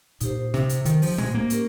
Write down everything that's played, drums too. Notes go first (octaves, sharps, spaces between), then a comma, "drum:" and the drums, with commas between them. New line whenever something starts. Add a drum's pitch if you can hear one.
A#2 D#4 G4 C5, drum: hi-hat
C3, drum: snare
drum: hi-hat
D#3, drum: hi-hat
F3, drum: open hi-hat
G#3, drum: tom
A#3
C#4 G4 A#4, drum: hi-hat